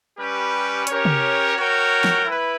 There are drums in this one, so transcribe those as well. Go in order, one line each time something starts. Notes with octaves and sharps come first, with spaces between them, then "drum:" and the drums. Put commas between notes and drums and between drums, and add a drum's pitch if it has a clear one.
G3 C#4 G4 B4
C#4 G4 A#4 C#5, drum: hi-hat
drum: tom
F#4 A#4 C#5 G5
drum: snare
E4 B4